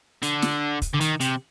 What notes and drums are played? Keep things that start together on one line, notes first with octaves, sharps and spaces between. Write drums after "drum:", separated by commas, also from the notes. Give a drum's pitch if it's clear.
D3, drum: hi-hat
drum: snare
drum: kick, hi-hat
D3
D#3, drum: hi-hat
C3, drum: hi-hat